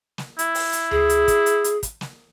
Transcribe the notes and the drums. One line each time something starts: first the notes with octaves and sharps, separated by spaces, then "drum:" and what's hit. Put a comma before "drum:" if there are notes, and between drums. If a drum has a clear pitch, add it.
drum: snare
E4, drum: hi-hat
drum: open hi-hat
drum: hi-hat
G#4, drum: tom D2
drum: hi-hat
drum: kick, hi-hat
drum: hi-hat
drum: hi-hat
drum: kick, hi-hat
drum: snare